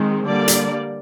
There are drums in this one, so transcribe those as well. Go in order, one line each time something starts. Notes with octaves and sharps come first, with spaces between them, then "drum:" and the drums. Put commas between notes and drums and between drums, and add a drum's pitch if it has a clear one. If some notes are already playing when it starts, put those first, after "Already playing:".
Already playing: D#3 G#3 C4
D3 G3 A#3 D5
drum: hi-hat